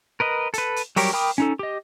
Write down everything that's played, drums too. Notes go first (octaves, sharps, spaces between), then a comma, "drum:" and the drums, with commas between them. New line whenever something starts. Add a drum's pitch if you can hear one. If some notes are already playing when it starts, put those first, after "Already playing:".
A#4 B4 D#5
A4 B4, drum: hi-hat
drum: hi-hat
F#3 G3 G4 A#4 C#5, drum: open hi-hat
A#4 G5 B5 D6 D#6
C#4 D#4 A4
G4 D#5